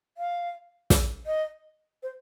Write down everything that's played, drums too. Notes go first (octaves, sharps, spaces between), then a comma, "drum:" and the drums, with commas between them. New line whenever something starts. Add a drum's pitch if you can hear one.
F5
drum: snare
D#5
C5